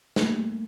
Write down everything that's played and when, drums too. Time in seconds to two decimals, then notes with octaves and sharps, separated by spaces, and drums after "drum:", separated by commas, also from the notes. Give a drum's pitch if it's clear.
0.16 A3, drum: snare
0.23 A#3
0.30 G3 A3